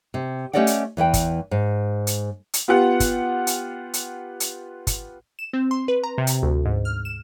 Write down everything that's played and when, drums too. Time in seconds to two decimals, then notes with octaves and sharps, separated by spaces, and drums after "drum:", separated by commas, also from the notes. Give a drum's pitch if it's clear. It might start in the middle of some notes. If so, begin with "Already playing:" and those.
0.14 C3
0.53 A3 C#4 G4 D5 D#5 F#5
0.67 drum: hi-hat
0.97 E2 E3 B4 G5
1.14 drum: kick, hi-hat
1.51 G#2
2.07 drum: hi-hat
2.54 drum: hi-hat
2.68 B3 F4 G4 F#5
3.00 drum: kick, hi-hat
3.47 drum: hi-hat
3.94 drum: hi-hat
4.40 drum: hi-hat
4.87 drum: kick, hi-hat
5.39 E7
5.53 C4
5.71 C6
5.88 B4
6.04 A#5
6.18 C3
6.27 drum: hi-hat
6.43 D2
6.66 G#2
6.85 F6
7.05 E7